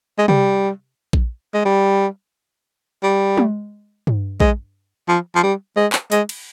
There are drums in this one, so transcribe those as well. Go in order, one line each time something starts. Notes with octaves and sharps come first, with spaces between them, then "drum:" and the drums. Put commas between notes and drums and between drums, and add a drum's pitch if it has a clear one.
G#3
G3, drum: tom C3
drum: kick A#1
G#3
G3
G3
drum: tom G#3
drum: tom G2
G#3, drum: kick A#1
F3
F3
G3
G#3
drum: clap
G#3, drum: hi-hat
drum: cymbal